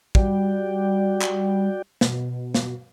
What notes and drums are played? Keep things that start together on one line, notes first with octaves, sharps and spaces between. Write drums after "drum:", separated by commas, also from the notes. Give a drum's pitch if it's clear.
G3 F#4 D5 G5, drum: kick
drum: clap
B2, drum: snare
drum: snare